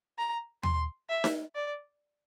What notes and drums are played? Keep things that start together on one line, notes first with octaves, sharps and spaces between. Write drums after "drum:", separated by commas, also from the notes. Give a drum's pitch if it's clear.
A#5
C6, drum: tom
E5
drum: snare D#4
D5